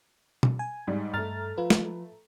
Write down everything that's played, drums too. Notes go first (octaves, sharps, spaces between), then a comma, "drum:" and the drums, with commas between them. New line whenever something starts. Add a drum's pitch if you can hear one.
drum: tom B2
G#5
G#2 G3
G2 A3 A#5 F6 A6
F3 F4 B4
drum: snare